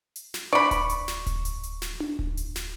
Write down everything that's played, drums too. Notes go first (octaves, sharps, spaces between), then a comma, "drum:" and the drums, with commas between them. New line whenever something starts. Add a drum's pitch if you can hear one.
drum: hi-hat
drum: snare
D5 B5 C#6, drum: tom D4
drum: kick D1, hi-hat
drum: hi-hat
drum: snare
drum: kick D1, hi-hat
drum: hi-hat
drum: hi-hat
drum: snare
drum: tom D4
drum: kick D1
drum: hi-hat
drum: snare